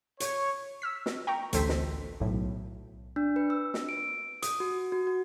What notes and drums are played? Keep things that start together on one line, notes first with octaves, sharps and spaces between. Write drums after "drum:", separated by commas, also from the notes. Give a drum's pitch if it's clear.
C#5, drum: hi-hat
E6 F6 B6
drum: snare
G5 A#5 C#6
A1 D2 A4 C5 B6, drum: hi-hat
drum: snare
B1 A2
D4
B4
E6
drum: snare
D7
D#6, drum: hi-hat
F#4
F#4
F#4